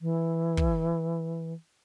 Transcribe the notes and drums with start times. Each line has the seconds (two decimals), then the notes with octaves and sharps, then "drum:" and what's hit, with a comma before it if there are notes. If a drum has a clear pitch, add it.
0.01 E3
0.57 drum: kick